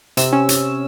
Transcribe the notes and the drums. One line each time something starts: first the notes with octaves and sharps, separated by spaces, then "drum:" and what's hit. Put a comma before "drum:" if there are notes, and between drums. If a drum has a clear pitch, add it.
C3 E6, drum: hi-hat
C#4
drum: hi-hat